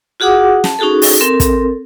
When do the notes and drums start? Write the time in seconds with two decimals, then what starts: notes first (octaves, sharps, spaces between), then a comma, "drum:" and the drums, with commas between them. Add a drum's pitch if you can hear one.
0.20 F4 F#4 G#4 F#5 D6 D#6
0.64 A5, drum: snare
0.79 C#4 D#4 F#4 G#4 A4
1.02 drum: open hi-hat
1.20 C4 A4 A#4
1.40 drum: kick, hi-hat